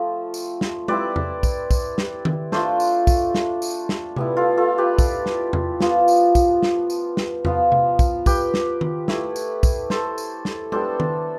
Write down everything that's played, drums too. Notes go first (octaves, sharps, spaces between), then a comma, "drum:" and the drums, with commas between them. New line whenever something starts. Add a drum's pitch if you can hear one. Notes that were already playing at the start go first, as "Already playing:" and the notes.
Already playing: F3 A3 C4 F4
drum: tambourine
drum: snare
G3 C4 E4 B4 D5, drum: tom G#3
drum: tom E2
drum: kick, tambourine
drum: kick, tambourine
drum: snare
drum: tom D#3
A3 D4 F4 A4 C5, drum: snare
drum: tambourine
drum: kick, tambourine
drum: snare
drum: tambourine
drum: snare
G3 B3 E4, drum: tom C3
F4 A4
F4 A4
G4 B4
drum: kick, tambourine
drum: snare
drum: tom E2
F3 B3 F4, drum: snare
drum: tambourine
drum: kick, tambourine
drum: snare
drum: tambourine
drum: snare
F3 B3 F4, drum: tom E2
drum: tom C3
drum: kick, tambourine
G4 B4, drum: kick, tambourine
drum: snare
drum: tom D#3
A3 E4, drum: snare
drum: tambourine
drum: kick, tambourine
A4 C5, drum: snare
drum: tambourine
drum: snare
G3 B3 D4 A4 C5, drum: tom G#3
drum: tom D#3